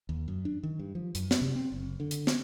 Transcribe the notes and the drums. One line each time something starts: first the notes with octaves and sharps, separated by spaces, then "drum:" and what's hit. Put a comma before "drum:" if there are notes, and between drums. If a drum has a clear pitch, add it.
D#2
F#2
D4
D#3
G2
F3
F#2, drum: hi-hat
drum: snare
C3
C4
F#1
D3
drum: hi-hat
drum: snare